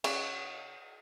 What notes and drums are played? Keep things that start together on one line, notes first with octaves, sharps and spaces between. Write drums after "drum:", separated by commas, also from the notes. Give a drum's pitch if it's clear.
C#3 C#5 D5 F#5, drum: cymbal